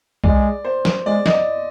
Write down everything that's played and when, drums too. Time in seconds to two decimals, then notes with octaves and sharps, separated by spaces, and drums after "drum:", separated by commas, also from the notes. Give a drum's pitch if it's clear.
0.24 G#3 D5, drum: kick B1
0.65 C5
0.85 drum: snare
1.06 G#3 D5
1.26 D#5, drum: snare
1.33 D5